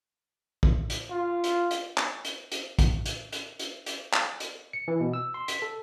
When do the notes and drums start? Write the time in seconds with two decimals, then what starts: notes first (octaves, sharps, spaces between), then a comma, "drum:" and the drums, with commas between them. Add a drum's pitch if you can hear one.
0.63 drum: kick
0.90 drum: hi-hat
1.11 F4
1.44 drum: hi-hat
1.71 drum: hi-hat
1.98 drum: clap
2.25 drum: hi-hat
2.52 drum: hi-hat
2.79 drum: kick, hi-hat
3.06 drum: hi-hat
3.33 drum: hi-hat
3.59 drum: hi-hat
3.86 drum: hi-hat
4.13 drum: clap
4.40 drum: hi-hat
4.73 C#7
4.88 E3
5.01 B2
5.14 E6
5.34 C6
5.48 B6, drum: hi-hat
5.62 A4